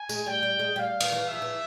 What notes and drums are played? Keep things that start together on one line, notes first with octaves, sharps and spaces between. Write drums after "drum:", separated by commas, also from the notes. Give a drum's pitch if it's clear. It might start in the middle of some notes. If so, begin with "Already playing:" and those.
Already playing: G#5
G#3, drum: tambourine
G3 G5
G3
G#3
G3 F5
E3, drum: cymbal
E3
E5
F3
E3